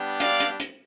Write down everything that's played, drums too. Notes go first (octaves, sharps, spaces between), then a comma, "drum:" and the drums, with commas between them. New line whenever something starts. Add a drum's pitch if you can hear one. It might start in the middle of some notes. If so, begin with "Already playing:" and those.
Already playing: G3 B3 D4 G4
D5 F5, drum: hi-hat
drum: hi-hat
drum: hi-hat